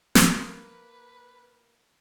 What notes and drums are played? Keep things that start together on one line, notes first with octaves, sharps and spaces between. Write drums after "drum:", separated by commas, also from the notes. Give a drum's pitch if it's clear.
A#3 B4, drum: snare